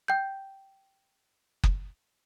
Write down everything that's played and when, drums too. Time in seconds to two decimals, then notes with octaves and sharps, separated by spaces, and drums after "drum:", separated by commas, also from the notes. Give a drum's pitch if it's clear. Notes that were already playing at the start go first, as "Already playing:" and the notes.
0.08 G5 G6
1.64 drum: kick F#1